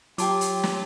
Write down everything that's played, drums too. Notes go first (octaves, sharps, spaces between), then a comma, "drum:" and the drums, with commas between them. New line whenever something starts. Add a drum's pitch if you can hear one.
F#3 F4 G4 G5 A5 D6, drum: hi-hat
drum: hi-hat
drum: snare